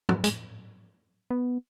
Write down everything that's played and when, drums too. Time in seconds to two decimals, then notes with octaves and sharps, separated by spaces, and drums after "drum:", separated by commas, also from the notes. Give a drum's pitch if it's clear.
0.09 F#3, drum: tom
0.24 G#3, drum: hi-hat
1.31 B3